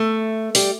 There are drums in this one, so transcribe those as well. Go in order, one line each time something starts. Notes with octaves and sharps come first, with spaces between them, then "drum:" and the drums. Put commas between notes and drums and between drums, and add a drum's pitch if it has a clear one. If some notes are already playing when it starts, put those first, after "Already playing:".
Already playing: A3
G3, drum: open hi-hat